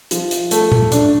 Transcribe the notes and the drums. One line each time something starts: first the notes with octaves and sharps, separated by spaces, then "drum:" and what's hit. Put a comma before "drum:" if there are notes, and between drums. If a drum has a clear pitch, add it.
F3, drum: hi-hat
drum: hi-hat
A3, drum: hi-hat
drum: tom A#2
D4, drum: hi-hat